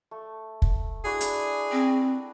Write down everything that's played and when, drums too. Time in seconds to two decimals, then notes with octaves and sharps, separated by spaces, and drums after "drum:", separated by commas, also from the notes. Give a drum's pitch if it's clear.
0.11 A3
0.62 drum: kick
1.04 D4 E4 F#4 G#4
1.21 drum: hi-hat
1.72 C4